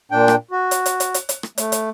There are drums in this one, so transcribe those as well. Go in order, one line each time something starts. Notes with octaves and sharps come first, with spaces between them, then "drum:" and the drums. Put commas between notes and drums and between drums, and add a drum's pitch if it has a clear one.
A#2 D4 G5
drum: rim click
F#4
drum: hi-hat
drum: hi-hat
drum: hi-hat
drum: hi-hat
drum: hi-hat
drum: rim click
A3, drum: hi-hat
drum: hi-hat